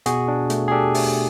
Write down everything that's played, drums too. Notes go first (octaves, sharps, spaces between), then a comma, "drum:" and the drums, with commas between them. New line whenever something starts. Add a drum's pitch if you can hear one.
B2 F#4 G#4, drum: hi-hat
D4
A3, drum: hi-hat
G#4
D4 G4 A4
A3, drum: open hi-hat